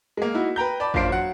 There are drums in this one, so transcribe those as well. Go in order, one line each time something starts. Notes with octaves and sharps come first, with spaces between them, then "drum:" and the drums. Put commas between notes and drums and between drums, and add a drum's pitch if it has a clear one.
G#3 A#3
D#4 E4 F#4
B4 G5 A#5 G6
D5 A5 B5
F#1 D4 F4 C5 C7 D7, drum: kick G#1
F#3 F#5